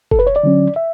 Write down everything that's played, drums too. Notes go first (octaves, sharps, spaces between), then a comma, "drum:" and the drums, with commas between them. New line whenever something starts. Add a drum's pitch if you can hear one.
A4, drum: kick F#1
B4
C#5
D5
D3 F#3 C#4
E5